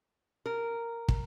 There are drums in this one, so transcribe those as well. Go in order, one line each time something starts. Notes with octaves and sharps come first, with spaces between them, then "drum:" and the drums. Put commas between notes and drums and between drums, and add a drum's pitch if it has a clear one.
A#4
drum: kick